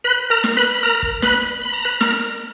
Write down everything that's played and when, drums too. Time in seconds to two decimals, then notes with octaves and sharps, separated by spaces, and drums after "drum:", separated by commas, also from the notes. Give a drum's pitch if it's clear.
0.04 B4 B5
0.30 A#4 A#5
0.44 drum: snare
0.57 B4 B5
0.75 B5
0.83 A#4 A#5
1.03 drum: kick
1.22 B4 B5, drum: snare
1.61 B5
1.73 A#5
1.85 B4 B5
2.01 A#4 A#5, drum: snare